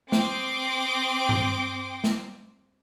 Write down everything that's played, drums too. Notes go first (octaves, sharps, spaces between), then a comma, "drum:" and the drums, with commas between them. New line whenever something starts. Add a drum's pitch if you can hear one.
C4 G5 C6 D6 D#6 D7, drum: snare
drum: tom G2
drum: snare